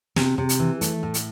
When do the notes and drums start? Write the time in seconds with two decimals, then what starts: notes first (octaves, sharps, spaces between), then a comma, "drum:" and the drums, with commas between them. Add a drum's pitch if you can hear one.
0.16 C3, drum: snare
0.38 C3
0.49 drum: hi-hat
0.60 E3
0.81 A3, drum: hi-hat
1.03 A2
1.14 drum: hi-hat